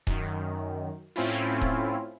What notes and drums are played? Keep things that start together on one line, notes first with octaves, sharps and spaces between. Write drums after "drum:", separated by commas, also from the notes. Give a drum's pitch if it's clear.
F#2 D#3, drum: kick D#1
A2 C4 C#4 E4 F4
drum: kick D#1